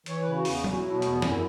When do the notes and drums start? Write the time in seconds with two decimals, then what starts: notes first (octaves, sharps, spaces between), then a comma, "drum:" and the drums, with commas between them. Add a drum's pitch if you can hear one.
0.06 E3 C#5, drum: hi-hat
0.21 C#3 B4
0.35 F#4
0.45 E2, drum: open hi-hat
0.50 B3
0.64 F#3 C#4, drum: tom F#3
0.71 F#4
0.79 B2 E4
0.94 B3
1.02 E2 A3, drum: hi-hat
1.09 B3
1.22 F#2 C#4, drum: snare
1.30 E4